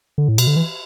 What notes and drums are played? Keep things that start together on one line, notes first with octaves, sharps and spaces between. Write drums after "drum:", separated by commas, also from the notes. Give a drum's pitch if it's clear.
D3
A2
B2, drum: cymbal
D3
E3